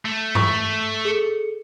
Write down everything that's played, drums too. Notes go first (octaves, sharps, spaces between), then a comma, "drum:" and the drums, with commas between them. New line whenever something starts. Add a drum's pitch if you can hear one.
A3
C#6, drum: tom G2
G#4 A4 C#7